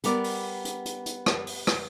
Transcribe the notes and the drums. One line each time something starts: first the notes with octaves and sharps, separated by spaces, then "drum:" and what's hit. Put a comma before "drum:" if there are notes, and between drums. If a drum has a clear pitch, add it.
G3 B3 A#4 D5, drum: hi-hat
drum: open hi-hat
drum: hi-hat
drum: hi-hat
drum: hi-hat
drum: rim click
drum: open hi-hat
drum: rim click